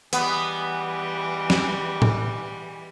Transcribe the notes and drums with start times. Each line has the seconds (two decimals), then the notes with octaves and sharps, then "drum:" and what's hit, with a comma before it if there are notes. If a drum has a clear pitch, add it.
0.13 E3 G3 G#3 B3, drum: hi-hat
1.50 drum: snare
2.02 drum: tom A2